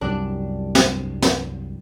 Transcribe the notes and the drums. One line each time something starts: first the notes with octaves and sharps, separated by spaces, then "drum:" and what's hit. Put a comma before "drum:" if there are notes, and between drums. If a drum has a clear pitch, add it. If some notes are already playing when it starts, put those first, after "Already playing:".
C2 F#2 G3 D4
drum: snare
drum: snare